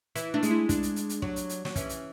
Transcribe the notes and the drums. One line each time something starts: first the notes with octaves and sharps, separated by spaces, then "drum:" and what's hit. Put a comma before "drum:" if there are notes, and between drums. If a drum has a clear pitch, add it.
E3 E4, drum: hi-hat
A3 D4
G#3, drum: hi-hat
E4
D4, drum: kick, hi-hat
drum: hi-hat
drum: hi-hat
drum: hi-hat
F#3, drum: kick
drum: hi-hat
drum: hi-hat
F#3, drum: snare
E3 C#4, drum: kick, hi-hat
drum: hi-hat